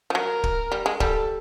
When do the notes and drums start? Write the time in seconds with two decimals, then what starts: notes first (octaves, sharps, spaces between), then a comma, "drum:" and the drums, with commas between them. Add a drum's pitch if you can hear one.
0.10 F3
0.15 F#3 A#4
0.44 drum: kick
0.72 G3
0.86 G#3
1.00 G3 A4, drum: kick